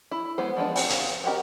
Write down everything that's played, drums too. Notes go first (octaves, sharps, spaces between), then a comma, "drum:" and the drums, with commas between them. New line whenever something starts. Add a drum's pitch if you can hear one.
E4
G#3 B3 C5
F3 G#3 B3 D4
C4 G#5, drum: open hi-hat
F5, drum: hi-hat
C4 F#4 G4 A#4 D#5